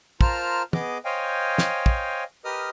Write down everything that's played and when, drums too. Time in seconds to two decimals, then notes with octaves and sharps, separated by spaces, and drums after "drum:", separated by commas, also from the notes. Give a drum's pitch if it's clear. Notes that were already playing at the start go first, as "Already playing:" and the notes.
0.21 F4 A#4 C5 A5 A#5 F6, drum: kick
0.73 B3 G#4 D#5 D6, drum: tom
1.05 C5 C#5 D#5 F5 G5 G#5
1.58 drum: snare
1.86 drum: kick
2.45 G4 A#4 B4 D#5 D#6 F6